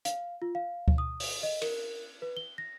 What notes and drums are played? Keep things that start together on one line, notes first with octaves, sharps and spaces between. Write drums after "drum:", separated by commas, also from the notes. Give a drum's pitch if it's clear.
F5, drum: hi-hat
F4
F5
drum: kick D2
D#6
drum: open hi-hat
D#5
A#4, drum: cymbal
B4
G7
A#6